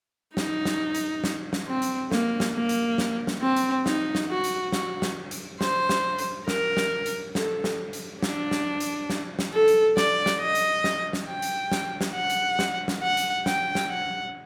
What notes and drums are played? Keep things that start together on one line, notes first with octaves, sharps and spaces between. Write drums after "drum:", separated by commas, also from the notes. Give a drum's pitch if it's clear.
D#4, drum: snare
drum: snare
drum: hi-hat
drum: snare
drum: snare
C4
drum: hi-hat
A#3, drum: snare
drum: snare
A#3
drum: hi-hat
drum: snare
drum: snare
C4
drum: hi-hat
D#4, drum: snare
drum: snare
F#4
drum: hi-hat
F#4, drum: snare
drum: snare
drum: hi-hat
C5, drum: snare
drum: snare
drum: hi-hat
A#4, drum: snare
drum: snare
drum: hi-hat
A4, drum: snare
drum: snare
drum: hi-hat
D4, drum: snare
drum: snare
drum: hi-hat
drum: snare
drum: snare
A4
drum: hi-hat
D5, drum: snare
drum: snare
D#5
drum: hi-hat
drum: snare
drum: snare
G5
drum: hi-hat
drum: snare
drum: snare
F#5
drum: hi-hat
drum: snare
drum: snare
F#5
drum: hi-hat
G5, drum: snare
drum: snare
F#5